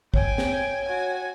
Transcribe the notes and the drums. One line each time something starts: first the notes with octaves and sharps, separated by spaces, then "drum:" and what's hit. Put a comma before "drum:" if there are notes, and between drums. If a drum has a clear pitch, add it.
C#5 G5 G#5, drum: kick
drum: snare
F#4 G#5